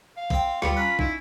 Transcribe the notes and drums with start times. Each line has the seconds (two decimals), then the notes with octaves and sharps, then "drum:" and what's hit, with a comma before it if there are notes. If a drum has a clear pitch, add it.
0.17 F5
0.30 C4 G5, drum: kick
0.62 D2 G3 B3 F4 C#7, drum: rim click
0.77 C#4 A#5 B5 F6 F#6
0.99 D#4 E4, drum: kick